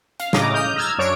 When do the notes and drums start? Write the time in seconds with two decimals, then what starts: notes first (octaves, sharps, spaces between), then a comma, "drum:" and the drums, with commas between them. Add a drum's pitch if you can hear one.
0.20 F5, drum: hi-hat
0.33 A2 C#3 D#5 A#5 D6, drum: snare
0.54 D#6 F6 G6
0.76 A#5 E6 F6 G#6 A6
0.98 F#2 D4 C#5 D7